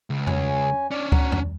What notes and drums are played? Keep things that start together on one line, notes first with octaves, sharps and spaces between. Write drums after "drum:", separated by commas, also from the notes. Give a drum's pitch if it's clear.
C#2
C#4 G#5, drum: tom E2
C#4 D4 D5
D2 F#5 A#5, drum: kick C#2
drum: tom E2